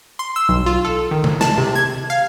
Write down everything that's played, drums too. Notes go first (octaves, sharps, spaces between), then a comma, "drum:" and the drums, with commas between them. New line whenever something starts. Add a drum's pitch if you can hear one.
C6
E6
B1
F4
A4
D#3
drum: tom C3
A5, drum: snare
C3
G#6
F5